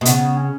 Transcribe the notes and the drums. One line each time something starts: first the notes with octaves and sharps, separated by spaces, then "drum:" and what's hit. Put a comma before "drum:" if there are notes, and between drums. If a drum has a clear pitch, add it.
B2
C#3 B3, drum: hi-hat
C#4